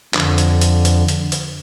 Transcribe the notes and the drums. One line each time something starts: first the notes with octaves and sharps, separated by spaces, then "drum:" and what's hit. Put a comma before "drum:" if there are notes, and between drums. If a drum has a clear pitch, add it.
F2 D3, drum: clap
drum: hi-hat
drum: hi-hat
drum: hi-hat
drum: hi-hat
drum: hi-hat